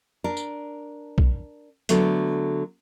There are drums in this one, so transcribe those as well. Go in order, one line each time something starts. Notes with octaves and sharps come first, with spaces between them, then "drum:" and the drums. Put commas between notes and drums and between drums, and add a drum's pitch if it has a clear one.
D4 A#4
drum: tambourine
drum: kick
D3 F#3 A3 B3, drum: hi-hat